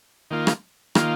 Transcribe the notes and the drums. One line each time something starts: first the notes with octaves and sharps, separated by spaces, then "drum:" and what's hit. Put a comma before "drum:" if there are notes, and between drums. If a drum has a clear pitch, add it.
D#3 A#3 F4
drum: rim click
D#3 A#3 F4, drum: rim click